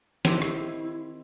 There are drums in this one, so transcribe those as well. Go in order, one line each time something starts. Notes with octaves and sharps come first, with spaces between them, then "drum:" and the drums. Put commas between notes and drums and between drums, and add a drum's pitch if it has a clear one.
D#3 C4 E4 G4, drum: snare
drum: rim click